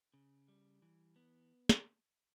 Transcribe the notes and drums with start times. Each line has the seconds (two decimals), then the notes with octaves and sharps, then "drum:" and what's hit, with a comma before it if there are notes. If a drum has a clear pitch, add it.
0.14 C#3
0.48 G3
0.82 E3
1.16 B3
1.69 drum: snare